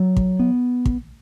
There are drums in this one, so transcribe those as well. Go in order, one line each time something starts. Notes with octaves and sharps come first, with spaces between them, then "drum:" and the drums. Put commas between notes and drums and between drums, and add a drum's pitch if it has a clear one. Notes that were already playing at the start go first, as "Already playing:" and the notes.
Already playing: F#3
drum: kick
B3
drum: kick